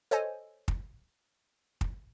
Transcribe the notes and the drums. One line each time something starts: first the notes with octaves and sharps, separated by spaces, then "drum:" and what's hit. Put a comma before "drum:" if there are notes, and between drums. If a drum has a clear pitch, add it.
A4 C5 C#5 D#5 G#5
drum: kick
drum: kick